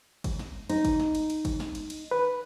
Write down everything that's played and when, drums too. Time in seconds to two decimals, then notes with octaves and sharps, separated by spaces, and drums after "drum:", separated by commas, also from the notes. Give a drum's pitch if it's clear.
0.24 drum: kick G1, cymbal
0.39 drum: snare
0.70 D#4, drum: cymbal
0.85 drum: kick G1, cymbal
1.00 drum: snare
1.15 drum: cymbal
1.30 drum: cymbal
1.45 drum: kick G1, cymbal
1.60 drum: snare
1.75 drum: cymbal
1.90 drum: cymbal
2.11 B4